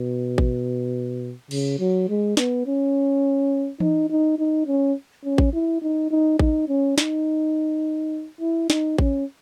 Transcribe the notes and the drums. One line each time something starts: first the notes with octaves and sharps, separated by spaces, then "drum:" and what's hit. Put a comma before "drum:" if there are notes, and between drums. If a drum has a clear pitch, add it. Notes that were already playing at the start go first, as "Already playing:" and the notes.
Already playing: B2
drum: kick A1
C#3, drum: cymbal
F#3
G#3
B3, drum: snare
C#4
D#4, drum: tom E3
D#4
D#4
C#4
C#4
drum: kick A1
E4
D#4
D#4
D#4, drum: kick A1
C#4
D#4, drum: snare
E4
D#4, drum: snare
C#4, drum: kick A1